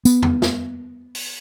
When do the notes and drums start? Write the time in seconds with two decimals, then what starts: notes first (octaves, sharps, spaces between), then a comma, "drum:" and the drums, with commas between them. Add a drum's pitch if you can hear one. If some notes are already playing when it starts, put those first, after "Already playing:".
0.05 B3, drum: tambourine
0.22 drum: tom E2
0.42 drum: snare
1.15 drum: open hi-hat